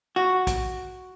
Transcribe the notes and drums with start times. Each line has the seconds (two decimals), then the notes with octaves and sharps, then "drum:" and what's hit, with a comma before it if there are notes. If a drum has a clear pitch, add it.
0.16 F#4
0.47 drum: kick, hi-hat